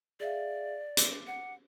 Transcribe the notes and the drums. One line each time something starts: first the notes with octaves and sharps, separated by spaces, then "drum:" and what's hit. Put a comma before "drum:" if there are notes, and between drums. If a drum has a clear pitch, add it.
G#4 D5 E5 F5
D6, drum: hi-hat
F#5